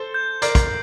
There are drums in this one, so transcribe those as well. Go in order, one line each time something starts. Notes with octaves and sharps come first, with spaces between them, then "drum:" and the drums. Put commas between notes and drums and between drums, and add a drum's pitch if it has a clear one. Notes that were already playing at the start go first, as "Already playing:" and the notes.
Already playing: A4 C5
G6
A#4 D5 C7, drum: hi-hat
drum: kick, hi-hat